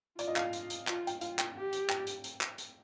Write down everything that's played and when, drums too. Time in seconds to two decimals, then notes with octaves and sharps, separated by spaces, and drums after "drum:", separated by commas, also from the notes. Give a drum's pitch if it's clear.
0.19 F4 D5, drum: hi-hat
0.28 D#5
0.36 F5, drum: clap
0.53 drum: hi-hat
0.70 drum: hi-hat
0.87 F4, drum: clap
1.07 G5, drum: hi-hat
1.21 F4 F5, drum: hi-hat
1.39 G5, drum: clap
1.56 G4
1.73 drum: hi-hat
1.89 G5, drum: clap
2.07 drum: hi-hat
2.24 drum: hi-hat
2.41 drum: clap
2.58 drum: hi-hat